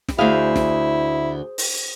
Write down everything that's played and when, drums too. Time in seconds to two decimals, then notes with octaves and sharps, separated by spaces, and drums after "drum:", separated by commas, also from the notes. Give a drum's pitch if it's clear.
0.08 drum: snare
0.18 D2 E4 G#4 C5 F5
0.56 drum: snare
1.58 drum: open hi-hat